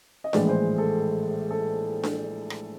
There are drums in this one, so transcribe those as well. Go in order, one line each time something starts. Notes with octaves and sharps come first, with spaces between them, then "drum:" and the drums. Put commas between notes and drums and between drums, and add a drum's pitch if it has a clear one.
D#5
A#1 A2 E3 G#3 D5, drum: snare D4
C5
A4
A4
drum: snare D4
drum: rim click